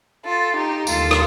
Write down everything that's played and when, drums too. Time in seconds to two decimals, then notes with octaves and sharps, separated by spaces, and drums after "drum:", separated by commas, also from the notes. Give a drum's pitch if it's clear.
0.24 F4 A4
0.55 D#4 G4
0.87 D#2 D3 G3 F4 A4, drum: tambourine
1.11 drum: rim click